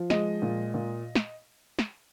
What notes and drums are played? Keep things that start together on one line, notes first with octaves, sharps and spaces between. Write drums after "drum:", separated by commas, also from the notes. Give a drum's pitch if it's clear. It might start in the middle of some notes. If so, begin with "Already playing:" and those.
Already playing: F3
G#3 D#5, drum: snare
A#2
A#2
drum: snare
drum: snare